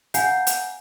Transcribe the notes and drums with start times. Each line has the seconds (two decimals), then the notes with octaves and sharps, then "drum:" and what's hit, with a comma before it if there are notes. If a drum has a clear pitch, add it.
0.14 F5 F#5 G#5 A#5 G6 C7, drum: hi-hat
0.47 drum: hi-hat